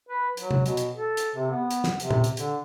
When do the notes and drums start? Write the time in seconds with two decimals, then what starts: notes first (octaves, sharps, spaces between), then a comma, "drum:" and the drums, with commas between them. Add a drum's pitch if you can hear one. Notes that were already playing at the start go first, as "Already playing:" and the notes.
0.09 B4
0.37 F#3, drum: hi-hat
0.51 drum: tom
0.66 B2, drum: hi-hat
0.77 drum: hi-hat
0.95 A4
1.17 drum: hi-hat
1.36 C3
1.51 B3
1.71 drum: hi-hat
1.84 drum: snare
2.00 C3, drum: hi-hat
2.11 drum: tom
2.24 drum: hi-hat
2.37 D3, drum: hi-hat